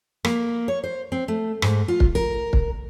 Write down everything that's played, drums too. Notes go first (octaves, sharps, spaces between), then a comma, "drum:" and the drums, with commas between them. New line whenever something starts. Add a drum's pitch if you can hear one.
A#3, drum: rim click
C#5
C5
C4
A3
G#2, drum: rim click
F4
drum: kick
A#4
drum: kick